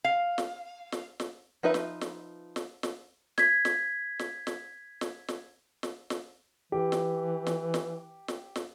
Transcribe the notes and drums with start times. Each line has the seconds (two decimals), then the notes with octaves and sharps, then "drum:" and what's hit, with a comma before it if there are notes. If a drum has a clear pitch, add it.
0.04 F5
0.38 drum: snare
0.92 drum: snare
1.20 drum: snare
1.63 F3 D#4 B4 E5
1.74 drum: snare
2.01 drum: snare
2.56 drum: snare
2.83 drum: snare
3.38 G#6 B6, drum: snare
3.65 drum: snare
4.19 drum: snare
4.47 drum: snare
5.01 drum: snare
5.28 drum: snare
5.83 drum: snare
6.10 drum: snare
6.72 E3 G4
6.92 drum: snare
7.47 drum: snare
7.74 drum: snare
8.28 drum: snare
8.56 drum: snare